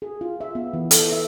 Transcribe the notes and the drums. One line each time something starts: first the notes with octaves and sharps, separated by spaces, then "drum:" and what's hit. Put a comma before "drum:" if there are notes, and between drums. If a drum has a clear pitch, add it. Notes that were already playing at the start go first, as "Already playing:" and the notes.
G#4
F4
E5
B3
E3
A4, drum: hi-hat
E5